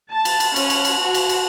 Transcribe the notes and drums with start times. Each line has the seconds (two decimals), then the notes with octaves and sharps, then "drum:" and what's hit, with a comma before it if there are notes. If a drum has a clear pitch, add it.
0.12 A5
0.25 drum: cymbal
0.40 drum: cymbal
0.56 C#4, drum: cymbal
0.70 drum: cymbal
0.85 drum: cymbal
1.00 F#4
1.14 drum: cymbal
1.29 drum: cymbal